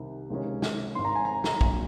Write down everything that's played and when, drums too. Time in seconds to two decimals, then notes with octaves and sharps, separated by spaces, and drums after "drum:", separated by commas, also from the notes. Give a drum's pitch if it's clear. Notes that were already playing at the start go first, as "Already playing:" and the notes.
Already playing: C2 C3 D#3
0.30 C#2 C3 D#3 G#3 C#4
0.62 drum: snare
0.95 G#1 G#2 D#3 C6
1.05 A#5
1.16 G#5
1.25 A#5
1.44 drum: snare
1.61 A#1 A#2 F#3, drum: kick